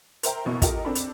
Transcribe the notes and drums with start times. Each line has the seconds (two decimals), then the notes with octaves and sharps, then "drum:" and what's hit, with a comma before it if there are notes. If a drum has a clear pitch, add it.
0.23 A#4 C5 E5 G5 A#5, drum: hi-hat
0.45 F#1 B1 B2 E4
0.62 F4 G4 A4 A#4 D#5, drum: kick, hi-hat
0.85 C4 D4 A4 B5
0.95 drum: hi-hat